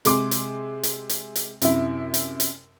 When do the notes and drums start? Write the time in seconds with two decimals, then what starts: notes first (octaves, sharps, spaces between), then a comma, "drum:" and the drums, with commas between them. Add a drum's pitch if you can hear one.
0.05 C3 G#3 C6 D6, drum: hi-hat
0.31 drum: hi-hat
0.83 drum: hi-hat
1.09 drum: hi-hat
1.35 drum: hi-hat
1.62 F#2 C3 E4, drum: hi-hat
2.14 drum: hi-hat
2.40 drum: hi-hat